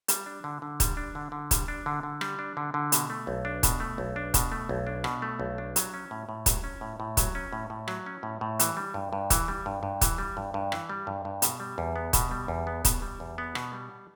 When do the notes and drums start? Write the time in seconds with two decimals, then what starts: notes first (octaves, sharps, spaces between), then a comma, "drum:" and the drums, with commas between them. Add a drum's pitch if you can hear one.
0.08 G3, drum: hi-hat
0.26 D4
0.44 D3
0.62 D3
0.80 G3, drum: kick, hi-hat
0.97 D4
1.15 D3
1.32 D3
1.51 G3, drum: kick, hi-hat
1.68 D4
1.86 D3
2.03 D3
2.21 G3, drum: rim click
2.39 D4
2.57 D3
2.74 D3
2.92 B2, drum: hi-hat
3.10 A3
3.27 B1
3.45 D4
3.63 B2, drum: kick, hi-hat
3.80 A3
3.98 B1
4.16 D4
4.34 B2, drum: kick, hi-hat
4.52 A3
4.69 B1
4.87 D4
5.04 B2, drum: rim click
5.22 A3
5.40 B1
5.58 D4
5.76 F#3, drum: hi-hat
5.94 C#4
6.11 A2
6.29 A2
6.46 F#3, drum: kick, hi-hat
6.64 C#4
6.81 A2
7.00 A2
7.17 F#3, drum: kick, hi-hat
7.35 C#4
7.53 A2
7.70 A2
7.88 F#3, drum: rim click
8.06 C#4
8.23 A2
8.41 A2
8.59 E3, drum: hi-hat
8.77 G3
8.94 G2
9.13 G2
9.30 E3, drum: kick, hi-hat
9.48 G3
9.66 G2
9.83 G2
10.01 E3, drum: kick, hi-hat
10.18 G3
10.37 G2
10.54 G2
10.72 E3, drum: rim click
10.89 G3
11.07 G2
11.25 G2
11.42 B2, drum: hi-hat
11.60 G3
11.78 E2
11.96 B3
12.13 B2, drum: kick, hi-hat
12.31 G3
12.48 E2
12.67 B3
12.85 B2, drum: kick, hi-hat
13.02 G3
13.20 E2
13.38 B3
13.55 B2, drum: rim click
13.73 G3